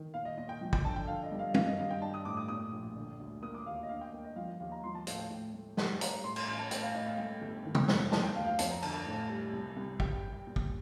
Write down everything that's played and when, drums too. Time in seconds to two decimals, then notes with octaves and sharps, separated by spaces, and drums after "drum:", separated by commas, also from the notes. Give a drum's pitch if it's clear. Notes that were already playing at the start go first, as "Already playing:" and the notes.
Already playing: D#3
0.14 A#2 F5
0.25 D#5
0.37 A#2 D#5
0.49 G5
0.61 F3
0.73 G5, drum: kick
0.84 D3 A5
0.96 G5
1.07 D3 F5
1.23 D#5
1.31 G2
1.39 F5
1.54 D#3 F5, drum: tom
1.67 D#5
1.78 G2 F5
1.91 G5
2.01 D4 A5
2.14 D#6
2.25 A2 D6
2.37 D#6
2.48 A#2 D#6
2.72 A#1
2.96 D3
3.19 D2
3.42 A#3 D#6
3.54 D6
3.66 D#2 F5
3.83 D#5
3.89 D4 F5
4.01 G5
4.13 A#3
4.24 D#5
4.36 F3 F5
4.48 D#5
4.60 D#2 F5
4.72 A#5
4.84 F3 C6
4.95 A5
5.07 A2 F5, drum: hi-hat
5.18 G5
5.30 A2
5.54 A3
5.77 G3 A5, drum: snare
6.01 G3 A#5, drum: hi-hat
6.24 A2 C6
6.36 C6, drum: cymbal
6.47 A1 C6
6.59 A5
6.71 A2 G5, drum: hi-hat
6.83 F5
6.94 A2 D#5
7.06 F5
7.18 A3 G5
7.42 G1
7.65 D#3
7.75 drum: tom
7.88 F2, drum: snare
8.12 A#3 A5, drum: snare
8.23 G5
8.35 D2 F5
8.47 F5
8.59 F2 A5, drum: hi-hat
8.71 A#5
8.82 D3 A5, drum: cymbal
8.94 A5
9.06 A2
9.29 G3
9.53 C2
9.76 C2
10.00 G3 G5, drum: kick
10.23 G3
10.47 A#2
10.56 drum: kick